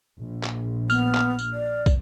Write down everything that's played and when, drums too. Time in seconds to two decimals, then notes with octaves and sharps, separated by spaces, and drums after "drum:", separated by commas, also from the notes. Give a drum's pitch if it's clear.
0.20 A#1
0.43 drum: clap
0.90 B3 F6, drum: tambourine
1.15 drum: clap
1.39 drum: tambourine
1.53 D5
1.86 drum: kick, tambourine